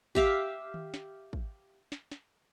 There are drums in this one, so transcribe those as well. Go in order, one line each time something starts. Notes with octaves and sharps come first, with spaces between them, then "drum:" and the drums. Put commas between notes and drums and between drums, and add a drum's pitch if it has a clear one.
G4 E5 F5, drum: kick
drum: tom D#3
drum: snare
drum: kick
drum: snare
drum: snare